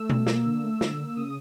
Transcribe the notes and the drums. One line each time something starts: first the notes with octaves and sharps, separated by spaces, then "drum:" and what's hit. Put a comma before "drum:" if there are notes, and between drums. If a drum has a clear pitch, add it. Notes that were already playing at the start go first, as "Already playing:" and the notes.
Already playing: A3 E6
B2, drum: tom B2
A#3, drum: snare
D3
A3
D3, drum: snare
A#3
C#3 D#6